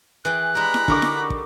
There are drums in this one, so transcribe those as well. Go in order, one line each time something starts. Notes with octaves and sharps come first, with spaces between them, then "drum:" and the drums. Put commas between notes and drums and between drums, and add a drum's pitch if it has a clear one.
E3 G#4 G5 F#6
G#3 D4 G4 A#5 B5
drum: snare E4
D3 D#4 A#4 C#6 D6, drum: kick
drum: snare E4
drum: kick